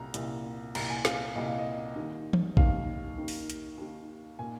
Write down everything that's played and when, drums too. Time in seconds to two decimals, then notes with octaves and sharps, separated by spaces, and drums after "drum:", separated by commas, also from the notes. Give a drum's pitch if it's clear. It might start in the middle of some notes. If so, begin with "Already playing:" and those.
Already playing: C2 A#2 A#5
0.14 C2 A#2, drum: hi-hat
0.75 C2 A#2 A#5, drum: cymbal
0.90 G#5
1.05 F5, drum: snare
1.36 C2 A#2 D#5
1.48 F5
1.58 D#5
1.96 D#2 D#3
2.33 drum: tom E3
2.57 D#2 D#3 F5, drum: kick
3.18 D#2 D#3
3.28 drum: open hi-hat
3.50 drum: hi-hat
3.78 D#2 D#3
4.39 A#2 G#5